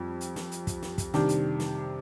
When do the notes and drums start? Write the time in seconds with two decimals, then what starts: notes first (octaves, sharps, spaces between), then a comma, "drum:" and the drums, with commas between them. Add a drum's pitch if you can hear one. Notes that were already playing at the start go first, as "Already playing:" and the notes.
Already playing: F2 G3
0.21 drum: hi-hat
0.36 drum: snare
0.52 drum: hi-hat
0.67 drum: kick, hi-hat
0.82 drum: snare
0.98 drum: kick, hi-hat
1.14 C3 D#3 G3 D4 G4, drum: snare
1.29 drum: hi-hat
1.60 drum: snare